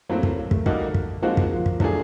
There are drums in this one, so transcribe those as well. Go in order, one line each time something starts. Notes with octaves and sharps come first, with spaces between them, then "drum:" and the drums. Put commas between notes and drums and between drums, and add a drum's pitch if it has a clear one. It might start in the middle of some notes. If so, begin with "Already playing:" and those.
A2 F#3 A3 A#3 C4
drum: kick
A#3
A3, drum: kick
G3 A#3 D#4 F#4 A4, drum: kick
drum: kick
F3 G#3 A#3 C4 D#4 F#4
drum: kick
F3
drum: kick
F#3 A3 D4 F4 G#4, drum: kick